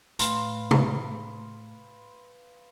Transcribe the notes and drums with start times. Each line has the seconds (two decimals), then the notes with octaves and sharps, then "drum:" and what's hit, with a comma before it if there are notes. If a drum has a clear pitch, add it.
0.19 A2 B4 F5 C6, drum: hi-hat
0.71 drum: tom C3